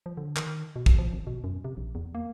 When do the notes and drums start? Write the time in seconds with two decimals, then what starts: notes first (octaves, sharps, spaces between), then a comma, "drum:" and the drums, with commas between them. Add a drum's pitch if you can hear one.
0.06 F3
0.17 D3
0.36 D#3, drum: clap
0.76 B2
0.86 drum: kick A#1
0.98 F3
1.13 G#1
1.27 B2
1.44 F#2
1.65 C3
1.77 A#1
1.95 E2
2.15 A#3